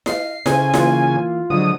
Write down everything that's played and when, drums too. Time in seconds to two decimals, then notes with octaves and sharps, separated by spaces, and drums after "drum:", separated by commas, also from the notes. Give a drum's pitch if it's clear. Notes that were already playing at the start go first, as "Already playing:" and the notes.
0.06 D#5 F5 C7, drum: snare E4
0.46 C#3 A4 C5 G#5, drum: snare E4
0.74 E3 A#3 F4, drum: snare E4
1.50 D3 F3 F#3 G#3 E4 D#6